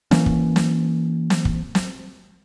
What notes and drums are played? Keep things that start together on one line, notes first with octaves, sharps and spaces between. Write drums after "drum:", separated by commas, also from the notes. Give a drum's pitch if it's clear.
E3 A#3 C#4, drum: snare
drum: kick
drum: snare
drum: snare
drum: kick
drum: snare